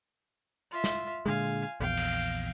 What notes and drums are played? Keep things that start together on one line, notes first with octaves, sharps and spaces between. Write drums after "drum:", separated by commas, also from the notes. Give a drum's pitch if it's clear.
F4 E5
drum: snare
A#2 D3 G#3 F5 G#5
A#1 E2 F5 G5
drum: cymbal